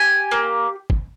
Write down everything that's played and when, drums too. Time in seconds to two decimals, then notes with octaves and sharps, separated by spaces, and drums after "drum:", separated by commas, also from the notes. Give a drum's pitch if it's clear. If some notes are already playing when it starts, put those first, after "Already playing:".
Already playing: G4 G#5
0.31 A#3
0.90 drum: kick